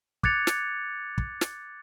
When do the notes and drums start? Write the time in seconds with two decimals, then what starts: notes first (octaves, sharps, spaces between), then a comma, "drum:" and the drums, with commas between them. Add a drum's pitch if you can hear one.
0.23 D6 F#6 G#6 A6 C#7 F7, drum: kick
0.47 drum: snare
1.18 drum: kick
1.41 drum: snare